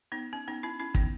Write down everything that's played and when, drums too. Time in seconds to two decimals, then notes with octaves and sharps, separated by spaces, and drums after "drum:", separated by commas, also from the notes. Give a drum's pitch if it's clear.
0.12 B3 D#4
0.33 C#4
0.48 B3 D#4
0.63 C#4 E4
0.80 C#4 E4
0.95 B3 D#4, drum: kick